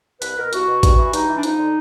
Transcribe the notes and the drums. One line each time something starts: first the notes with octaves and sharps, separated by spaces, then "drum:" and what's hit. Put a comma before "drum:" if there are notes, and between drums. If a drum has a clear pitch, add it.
C2 B4, drum: hi-hat
B2 A#4
C2 F#4, drum: hi-hat
B2
G2, drum: kick, hi-hat
E3
G2 D#4, drum: hi-hat
E3
D4
F2 D#4, drum: hi-hat
D3